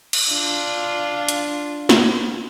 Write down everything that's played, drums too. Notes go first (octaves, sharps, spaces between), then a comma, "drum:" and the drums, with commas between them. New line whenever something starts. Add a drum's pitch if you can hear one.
drum: cymbal
D4 F4
drum: hi-hat
drum: snare